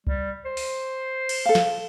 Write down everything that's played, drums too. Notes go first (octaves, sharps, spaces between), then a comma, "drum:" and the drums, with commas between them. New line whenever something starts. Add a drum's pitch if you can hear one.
G3, drum: kick C#2
C5
drum: open hi-hat
drum: cymbal
A4 F5
drum: snare